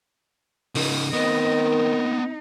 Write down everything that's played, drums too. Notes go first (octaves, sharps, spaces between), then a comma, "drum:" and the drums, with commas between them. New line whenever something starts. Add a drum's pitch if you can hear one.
C#3 D#4, drum: open hi-hat
D#3 B3 C4 D#5
D#4